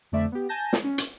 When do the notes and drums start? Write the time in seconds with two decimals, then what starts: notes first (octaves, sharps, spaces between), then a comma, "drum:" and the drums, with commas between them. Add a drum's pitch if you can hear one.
0.12 F2 D3 A3 D5 E5
0.32 B3 G4
0.49 G#5 A5 G6 A#6
0.73 drum: snare
0.84 C#4
0.98 drum: hi-hat